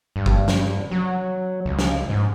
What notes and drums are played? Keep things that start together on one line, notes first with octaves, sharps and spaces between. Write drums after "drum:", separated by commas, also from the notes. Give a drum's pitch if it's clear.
G2
drum: kick
drum: snare
F#3
C#2
drum: snare
G#2